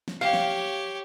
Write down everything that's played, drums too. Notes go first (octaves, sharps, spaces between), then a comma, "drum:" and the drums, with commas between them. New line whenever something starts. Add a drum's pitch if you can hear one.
drum: snare
G4 C#5 F5
drum: snare